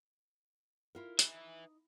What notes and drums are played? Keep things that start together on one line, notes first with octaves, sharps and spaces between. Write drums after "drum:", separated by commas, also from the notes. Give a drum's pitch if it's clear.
E4 F4 A#4
D#4 B4 E5, drum: hi-hat